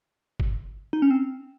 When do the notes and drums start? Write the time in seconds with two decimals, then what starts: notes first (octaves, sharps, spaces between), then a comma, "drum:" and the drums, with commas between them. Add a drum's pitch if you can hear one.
0.40 drum: kick G1
0.93 D#4
1.02 C#4
1.10 C4